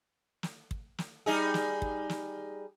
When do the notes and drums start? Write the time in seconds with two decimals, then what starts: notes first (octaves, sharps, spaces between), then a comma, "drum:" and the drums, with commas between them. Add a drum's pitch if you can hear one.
0.43 drum: snare
0.71 drum: kick
0.98 drum: snare
1.26 G3 D#4 G#4
1.54 drum: snare
1.82 drum: kick
2.09 drum: snare